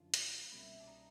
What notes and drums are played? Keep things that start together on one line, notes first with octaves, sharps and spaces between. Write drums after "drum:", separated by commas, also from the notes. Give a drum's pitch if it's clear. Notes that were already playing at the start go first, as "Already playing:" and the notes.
Already playing: F#2 D3 F3 F4
drum: hi-hat
C2 B2 G3 A#3 C#4 E4
D4
D#4